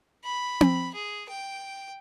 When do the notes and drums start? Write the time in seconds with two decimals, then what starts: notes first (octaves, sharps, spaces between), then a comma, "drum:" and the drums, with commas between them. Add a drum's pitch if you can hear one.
0.24 B5
0.61 drum: tom C4
0.94 G#4
1.29 G5